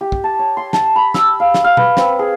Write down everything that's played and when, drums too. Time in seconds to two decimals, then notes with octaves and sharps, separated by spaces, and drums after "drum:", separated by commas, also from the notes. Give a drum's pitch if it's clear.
0.01 G4
0.12 drum: kick
0.24 A5
0.39 C#5
0.57 C6
0.73 A5, drum: snare
0.96 B5
1.14 E6, drum: snare
1.40 F5
1.54 drum: snare
1.64 F5
1.77 B4, drum: tom B2
1.97 C4, drum: snare
2.19 G#4